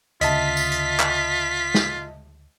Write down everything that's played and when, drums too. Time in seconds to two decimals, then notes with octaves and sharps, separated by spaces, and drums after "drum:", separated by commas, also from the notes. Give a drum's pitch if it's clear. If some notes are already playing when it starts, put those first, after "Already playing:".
0.21 D2 C#3 F4 D#5 E5 A5 B6, drum: hi-hat
0.57 drum: tambourine
0.71 drum: hi-hat
1.00 drum: clap
1.74 drum: snare